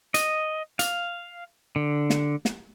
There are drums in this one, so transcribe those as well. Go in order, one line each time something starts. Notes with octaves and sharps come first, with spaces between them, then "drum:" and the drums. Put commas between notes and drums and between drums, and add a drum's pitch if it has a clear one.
D#5, drum: hi-hat
F5, drum: hi-hat
D3
drum: snare
drum: snare